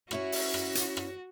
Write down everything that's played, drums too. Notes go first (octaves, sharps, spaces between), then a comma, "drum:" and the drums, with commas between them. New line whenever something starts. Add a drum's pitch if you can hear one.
C#4 E4 F#4 C#5, drum: rim click
drum: open hi-hat
drum: rim click
drum: hi-hat
drum: rim click